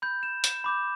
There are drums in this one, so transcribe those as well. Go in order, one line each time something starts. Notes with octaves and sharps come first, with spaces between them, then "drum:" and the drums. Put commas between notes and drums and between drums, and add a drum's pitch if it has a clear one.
B5 G6
E7
E7, drum: hi-hat
B5 D6 G6